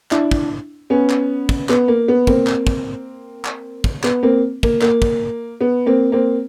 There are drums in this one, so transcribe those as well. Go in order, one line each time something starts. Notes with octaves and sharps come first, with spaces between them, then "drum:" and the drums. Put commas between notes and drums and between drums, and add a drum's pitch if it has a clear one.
D4 E4, drum: clap
drum: kick
B3 C#4
drum: clap
drum: kick
B3, drum: clap
A#3
B3
A#3 C4, drum: kick
drum: clap
drum: kick
drum: clap
drum: kick
B3, drum: clap
A#3 C4
A#3, drum: kick
A#3, drum: clap
drum: kick
B3
A#3 C4
A#3 C4